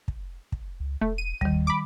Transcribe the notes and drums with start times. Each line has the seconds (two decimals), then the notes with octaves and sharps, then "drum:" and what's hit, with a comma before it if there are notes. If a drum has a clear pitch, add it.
0.08 drum: kick
0.52 drum: kick
0.80 C#2
1.01 E1 A3
1.18 D#7
1.41 D#2 D#3 G3, drum: kick
1.67 B5 D6